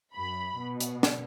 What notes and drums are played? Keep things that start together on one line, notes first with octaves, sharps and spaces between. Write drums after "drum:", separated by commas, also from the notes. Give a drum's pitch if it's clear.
F#2 B5
B2
drum: hi-hat
drum: snare